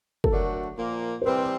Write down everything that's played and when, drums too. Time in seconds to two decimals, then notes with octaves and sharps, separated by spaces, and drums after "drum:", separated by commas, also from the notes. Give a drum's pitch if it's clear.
0.24 A4, drum: kick
0.32 D3 F#3 A3 D4 F#4 A#4
0.78 A#2 F3 A#3
1.22 C5
1.26 C3 E3 G3 C4 B4